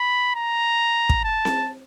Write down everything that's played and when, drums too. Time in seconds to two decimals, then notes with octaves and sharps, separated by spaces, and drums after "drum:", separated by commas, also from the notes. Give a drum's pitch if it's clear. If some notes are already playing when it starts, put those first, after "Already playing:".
Already playing: B5
0.36 A#5
1.09 drum: kick
1.24 A5
1.45 drum: snare C4